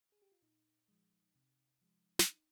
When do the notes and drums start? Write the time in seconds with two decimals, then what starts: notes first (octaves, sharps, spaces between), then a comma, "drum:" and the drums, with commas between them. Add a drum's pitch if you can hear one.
0.12 G#4
0.22 G4
0.32 F4
0.42 A#2 D#4
0.88 F3 G#3
1.35 C3
1.81 F3 G#3
2.19 D4, drum: snare
2.28 D#4